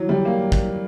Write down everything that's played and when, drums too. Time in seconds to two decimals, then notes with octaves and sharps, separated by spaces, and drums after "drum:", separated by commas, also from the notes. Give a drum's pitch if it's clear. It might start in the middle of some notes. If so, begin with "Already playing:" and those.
Already playing: E3 F#3
0.09 G3
0.25 A#3
0.52 drum: kick